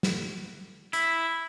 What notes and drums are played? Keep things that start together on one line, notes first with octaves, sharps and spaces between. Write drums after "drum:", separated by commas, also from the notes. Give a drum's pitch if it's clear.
drum: snare
E4, drum: hi-hat